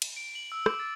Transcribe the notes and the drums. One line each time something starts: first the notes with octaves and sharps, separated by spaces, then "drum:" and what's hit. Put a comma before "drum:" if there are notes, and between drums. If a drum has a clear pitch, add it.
drum: cymbal
D7
F#7
E6
D6, drum: rim click
A6